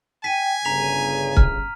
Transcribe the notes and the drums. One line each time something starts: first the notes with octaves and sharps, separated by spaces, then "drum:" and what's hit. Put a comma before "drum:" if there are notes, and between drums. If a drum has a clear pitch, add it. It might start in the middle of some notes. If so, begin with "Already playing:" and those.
G5 G#5 B6 D#7
G1 C#3 A#5 B6 F7
F6, drum: kick C#1